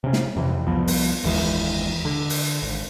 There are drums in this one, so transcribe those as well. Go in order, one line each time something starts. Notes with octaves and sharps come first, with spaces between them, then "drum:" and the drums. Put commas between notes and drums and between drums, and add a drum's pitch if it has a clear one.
C3 C#4
drum: snare
F2 C3 E3
C2 F3 B3
drum: open hi-hat
F#1 D#2 E3 G#3, drum: cymbal
D3
drum: open hi-hat
G#1